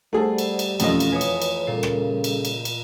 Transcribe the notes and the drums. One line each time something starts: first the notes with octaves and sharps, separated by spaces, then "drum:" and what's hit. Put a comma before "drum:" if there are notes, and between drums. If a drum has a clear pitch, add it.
G3 A3 G#4 A4 C5 F#5
drum: cymbal
drum: cymbal
E1 F2 A3 C#4 F4 D#5, drum: cymbal
drum: cymbal
B4 C#5 G#5 D#6
drum: cymbal
drum: cymbal
A#2 C#3 G3 A4
drum: rim click
drum: cymbal
drum: cymbal
drum: cymbal